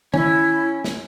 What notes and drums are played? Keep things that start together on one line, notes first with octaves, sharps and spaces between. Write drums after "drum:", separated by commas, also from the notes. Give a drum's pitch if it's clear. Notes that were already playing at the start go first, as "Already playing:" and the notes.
C#4 E4, drum: tom D#3
drum: snare